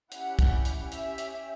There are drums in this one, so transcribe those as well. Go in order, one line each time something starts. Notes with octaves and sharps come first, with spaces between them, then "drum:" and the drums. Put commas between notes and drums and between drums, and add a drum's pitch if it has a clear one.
C#4 E4 G4 F#5, drum: hi-hat
drum: kick, hi-hat
drum: hi-hat
C#4 G4 E5, drum: hi-hat
drum: hi-hat